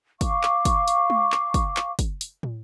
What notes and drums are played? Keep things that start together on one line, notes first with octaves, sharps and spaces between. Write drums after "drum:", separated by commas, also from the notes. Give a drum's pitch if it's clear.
F5 C#6 D6, drum: kick, hi-hat
drum: clap
drum: kick, hi-hat
drum: hi-hat
drum: tom G#3
drum: clap
drum: kick, hi-hat
drum: clap
drum: kick, hi-hat
drum: hi-hat
drum: tom